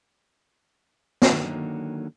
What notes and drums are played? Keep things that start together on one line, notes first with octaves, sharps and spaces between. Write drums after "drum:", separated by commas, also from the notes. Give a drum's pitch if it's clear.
drum: snare
D3 D#3 F#3 A#3